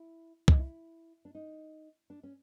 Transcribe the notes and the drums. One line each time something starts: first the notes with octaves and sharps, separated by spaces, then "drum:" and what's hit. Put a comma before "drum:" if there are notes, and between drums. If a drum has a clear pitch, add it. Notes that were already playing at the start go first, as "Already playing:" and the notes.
Already playing: E4
D#4, drum: kick
E4
D4
D#4
D4
C#4